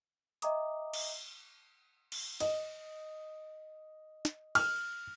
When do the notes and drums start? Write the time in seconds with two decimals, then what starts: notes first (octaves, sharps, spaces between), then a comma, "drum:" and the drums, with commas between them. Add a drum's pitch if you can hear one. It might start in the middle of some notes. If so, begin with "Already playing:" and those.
0.42 D#5 E5 G5 A#5 D6 D#6, drum: hi-hat
0.94 drum: cymbal
2.12 drum: cymbal
2.40 D#5, drum: cymbal
4.25 drum: snare
4.55 F6, drum: cymbal